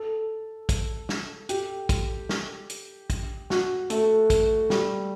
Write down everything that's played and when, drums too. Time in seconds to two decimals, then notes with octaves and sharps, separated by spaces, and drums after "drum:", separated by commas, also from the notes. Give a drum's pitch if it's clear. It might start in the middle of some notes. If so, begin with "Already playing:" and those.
Already playing: A4
0.69 drum: kick, hi-hat
1.09 drum: snare
1.49 G4, drum: hi-hat
1.89 drum: kick, hi-hat
2.29 drum: snare
2.69 drum: hi-hat
3.10 drum: kick, hi-hat
3.50 F#4, drum: snare
3.90 A3, drum: hi-hat
4.30 drum: kick, hi-hat
4.70 G3, drum: snare